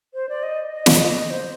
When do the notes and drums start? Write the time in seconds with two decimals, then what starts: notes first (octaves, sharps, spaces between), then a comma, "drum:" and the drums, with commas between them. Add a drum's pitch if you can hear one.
0.14 C5
0.29 D5
0.43 D#5
0.72 D#5
0.86 drum: snare
1.30 C5